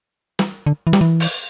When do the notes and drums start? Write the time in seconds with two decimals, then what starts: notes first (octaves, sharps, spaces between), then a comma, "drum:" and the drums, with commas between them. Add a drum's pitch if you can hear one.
0.39 drum: snare
0.66 D3
0.87 E3
0.93 G3, drum: snare
1.01 E3
1.20 drum: open hi-hat